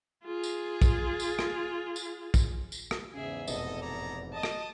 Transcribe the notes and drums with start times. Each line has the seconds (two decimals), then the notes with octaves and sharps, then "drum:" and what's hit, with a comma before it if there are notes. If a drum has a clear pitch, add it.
0.24 F4 G#4
0.43 drum: tambourine
0.82 drum: kick, tambourine
1.20 drum: tambourine
1.39 drum: rim click
1.96 drum: tambourine
2.34 drum: kick, tambourine
2.72 drum: tambourine
2.91 drum: rim click
3.14 E2 G#2 C#3 G#4 E5
3.47 F1 F2 B2 A4 D#5, drum: tambourine
3.81 G#4 D5 A#5
4.33 D#5 A5 D#6
4.43 drum: rim click